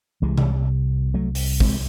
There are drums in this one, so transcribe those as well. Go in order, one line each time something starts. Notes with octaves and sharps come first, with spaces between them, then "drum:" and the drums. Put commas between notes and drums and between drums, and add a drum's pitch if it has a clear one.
C2 C3 E3 G#3
drum: tom C3
F#3 A3
drum: open hi-hat
G#3 C4, drum: kick